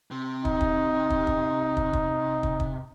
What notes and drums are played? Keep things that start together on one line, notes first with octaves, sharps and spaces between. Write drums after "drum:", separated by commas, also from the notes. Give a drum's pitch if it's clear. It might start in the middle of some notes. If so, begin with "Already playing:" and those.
C3
D#4, drum: kick
drum: kick
drum: kick
drum: kick
drum: kick
drum: kick
drum: kick
drum: kick